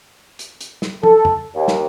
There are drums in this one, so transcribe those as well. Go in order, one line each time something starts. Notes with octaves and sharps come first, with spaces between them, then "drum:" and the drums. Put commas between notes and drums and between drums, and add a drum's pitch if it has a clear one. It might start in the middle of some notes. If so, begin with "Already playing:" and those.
drum: hi-hat
drum: hi-hat
drum: snare
A4, drum: tom
drum: tom F2
D#2
drum: snare